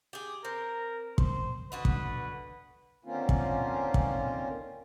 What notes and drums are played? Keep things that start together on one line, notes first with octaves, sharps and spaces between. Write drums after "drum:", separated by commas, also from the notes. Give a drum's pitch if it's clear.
G4 G#4
C4 A#4
C5, drum: kick
D3 F#4 B4 D#5
drum: kick
D3 D#3 A#3 C4 C#4 F4
drum: kick
drum: kick